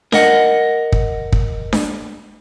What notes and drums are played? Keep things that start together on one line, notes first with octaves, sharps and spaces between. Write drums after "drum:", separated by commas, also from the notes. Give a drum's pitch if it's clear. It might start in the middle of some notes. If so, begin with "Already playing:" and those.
A#4 D#5 F#5, drum: snare D4
drum: kick
drum: kick
drum: snare D4